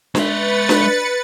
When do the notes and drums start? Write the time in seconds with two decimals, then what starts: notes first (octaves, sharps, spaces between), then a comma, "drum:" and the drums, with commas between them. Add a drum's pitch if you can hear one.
0.15 G#3 B4 E5 A6 C#7, drum: snare D4
0.69 drum: snare D4